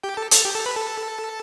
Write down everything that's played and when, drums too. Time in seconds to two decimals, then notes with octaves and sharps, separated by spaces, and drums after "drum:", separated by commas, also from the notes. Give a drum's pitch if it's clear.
0.03 G4 G5
0.17 A4 A5
0.31 A4 A5, drum: hi-hat
0.45 G4 G5
0.55 A4 A5
0.66 B4 B5
0.76 A4 A5